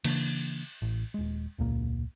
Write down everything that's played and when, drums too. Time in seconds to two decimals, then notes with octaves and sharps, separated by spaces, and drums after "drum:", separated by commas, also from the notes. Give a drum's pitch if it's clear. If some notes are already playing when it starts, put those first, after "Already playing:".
0.04 C#3 E3 A#3 D4, drum: cymbal
0.82 A1
1.14 D#1 G#3
1.58 E1 C#2 A#2 A#3